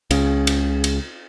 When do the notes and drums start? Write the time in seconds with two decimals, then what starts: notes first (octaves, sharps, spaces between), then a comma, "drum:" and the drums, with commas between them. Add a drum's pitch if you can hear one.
0.11 C#2 C#3, drum: cymbal
0.47 drum: cymbal
0.84 drum: cymbal